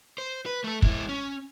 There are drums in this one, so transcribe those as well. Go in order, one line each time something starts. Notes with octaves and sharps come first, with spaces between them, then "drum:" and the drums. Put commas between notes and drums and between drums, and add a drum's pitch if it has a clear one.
C5
B4
A3 A4
G#3 E4, drum: kick
C#4